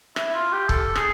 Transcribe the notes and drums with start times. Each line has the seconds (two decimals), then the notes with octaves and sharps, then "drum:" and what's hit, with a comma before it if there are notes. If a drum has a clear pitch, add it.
0.16 E4, drum: rim click
0.34 F4
0.52 G4
0.69 A4, drum: kick
0.95 G#4, drum: rim click